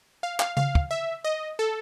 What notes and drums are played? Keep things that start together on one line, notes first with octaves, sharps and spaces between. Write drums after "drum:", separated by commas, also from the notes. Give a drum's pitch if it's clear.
F5
F5, drum: clap
F5, drum: tom C#3
drum: kick
E5
D#5
A4